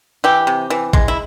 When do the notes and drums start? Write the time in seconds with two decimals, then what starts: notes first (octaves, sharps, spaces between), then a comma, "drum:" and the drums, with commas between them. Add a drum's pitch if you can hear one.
0.24 E3 G4
0.47 C3
0.70 E3
0.93 G#3, drum: kick
1.08 E4